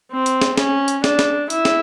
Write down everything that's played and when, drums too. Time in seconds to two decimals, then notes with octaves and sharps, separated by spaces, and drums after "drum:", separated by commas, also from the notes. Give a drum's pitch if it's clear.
0.11 C4
0.26 drum: hi-hat
0.42 drum: snare
0.58 C#4, drum: snare
0.88 drum: hi-hat
1.04 D4, drum: snare
1.19 drum: snare
1.50 E4, drum: hi-hat
1.65 drum: snare